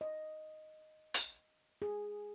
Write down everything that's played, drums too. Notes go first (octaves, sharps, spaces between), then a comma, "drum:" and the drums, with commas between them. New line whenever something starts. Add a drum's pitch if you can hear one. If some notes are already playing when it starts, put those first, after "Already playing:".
D#5
drum: hi-hat
G#4